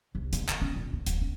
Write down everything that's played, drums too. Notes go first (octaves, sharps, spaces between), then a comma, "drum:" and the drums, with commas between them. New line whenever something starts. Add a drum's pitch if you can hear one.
C2
G#3, drum: hi-hat
G#3, drum: clap
C#4
A#2
A#3
D1, drum: hi-hat
C#4